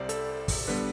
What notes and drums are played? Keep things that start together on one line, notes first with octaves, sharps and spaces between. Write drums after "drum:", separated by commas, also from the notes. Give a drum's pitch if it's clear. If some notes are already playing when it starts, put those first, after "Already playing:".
Already playing: C2 C3 G3 C5 D5
A4, drum: hi-hat
drum: kick, open hi-hat
D3 G3 B3 B4